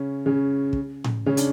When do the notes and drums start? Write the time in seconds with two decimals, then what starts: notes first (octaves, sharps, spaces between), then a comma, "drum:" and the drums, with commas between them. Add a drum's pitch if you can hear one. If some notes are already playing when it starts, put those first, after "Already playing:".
Already playing: C#3 C#4
0.26 C#3 C#4
0.73 drum: kick
1.04 drum: tom A2
1.26 C#3 C#4
1.37 D4, drum: hi-hat